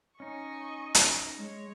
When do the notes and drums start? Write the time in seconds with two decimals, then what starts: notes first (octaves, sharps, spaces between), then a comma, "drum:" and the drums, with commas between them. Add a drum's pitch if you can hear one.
0.20 C#4 D#4 D#5 G#5 C#6
0.95 drum: hi-hat
1.37 G#3 C#5